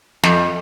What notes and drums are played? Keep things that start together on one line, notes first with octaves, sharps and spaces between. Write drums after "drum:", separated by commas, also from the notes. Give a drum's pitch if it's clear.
F2, drum: snare